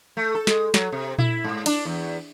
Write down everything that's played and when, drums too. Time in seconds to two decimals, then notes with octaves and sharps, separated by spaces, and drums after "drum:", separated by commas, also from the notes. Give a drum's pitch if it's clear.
0.17 A3
0.35 A4
0.47 G#3, drum: snare
0.74 F#3, drum: snare
0.92 C3
1.19 E4, drum: tom A#2
1.44 G#2
1.66 D4, drum: cymbal
1.85 E2